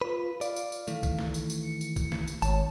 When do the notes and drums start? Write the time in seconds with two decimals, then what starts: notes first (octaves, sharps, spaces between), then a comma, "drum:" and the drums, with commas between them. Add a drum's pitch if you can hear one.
0.01 F4 B4
0.41 D5 F5, drum: tambourine
0.56 drum: tambourine
0.72 drum: tambourine
0.87 D#3 E3 A3, drum: tambourine
1.03 drum: kick, tambourine
1.19 drum: snare
1.34 drum: tambourine
1.50 drum: tambourine
1.63 C#7
1.81 drum: tambourine
1.96 drum: kick, tambourine
2.12 drum: snare
2.27 drum: tambourine
2.42 G#1 C#5 A5, drum: tambourine